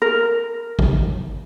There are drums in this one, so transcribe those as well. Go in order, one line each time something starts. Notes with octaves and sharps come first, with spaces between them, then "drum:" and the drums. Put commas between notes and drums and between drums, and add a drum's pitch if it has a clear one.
A#4
drum: kick